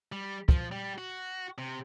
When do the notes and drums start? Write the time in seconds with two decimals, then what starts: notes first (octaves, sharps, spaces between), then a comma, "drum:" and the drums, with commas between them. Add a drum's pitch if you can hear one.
0.12 G3
0.49 F3, drum: kick
0.72 G3
0.98 F#4
1.58 C3